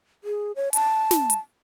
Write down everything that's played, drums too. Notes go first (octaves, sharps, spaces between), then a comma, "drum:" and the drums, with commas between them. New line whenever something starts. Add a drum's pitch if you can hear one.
G#4
C#5
A5, drum: hi-hat
drum: snare
drum: hi-hat